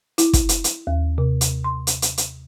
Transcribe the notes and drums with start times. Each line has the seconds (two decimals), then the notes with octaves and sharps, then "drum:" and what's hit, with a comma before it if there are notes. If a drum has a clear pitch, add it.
0.18 E4, drum: hi-hat
0.33 drum: kick, hi-hat
0.49 drum: hi-hat
0.64 drum: hi-hat
0.87 D#2
1.18 C3
1.41 drum: hi-hat
1.64 C6
1.87 drum: hi-hat
2.02 drum: hi-hat
2.18 drum: hi-hat